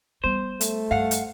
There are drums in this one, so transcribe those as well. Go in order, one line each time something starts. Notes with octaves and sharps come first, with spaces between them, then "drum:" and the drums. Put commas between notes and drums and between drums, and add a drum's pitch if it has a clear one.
G3 B3 C5
A3, drum: hi-hat
G2 F5 F#5
drum: hi-hat